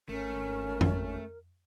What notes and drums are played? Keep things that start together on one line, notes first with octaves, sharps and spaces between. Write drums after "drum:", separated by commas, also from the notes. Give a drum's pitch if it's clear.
G#1 A3 C#4 A#4
drum: tom F2